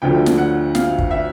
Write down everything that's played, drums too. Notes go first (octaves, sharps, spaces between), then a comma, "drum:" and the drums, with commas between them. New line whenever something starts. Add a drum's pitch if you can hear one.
D2 D3 F3 A3 G5
drum: snare
F#5
F5, drum: snare
drum: kick
E5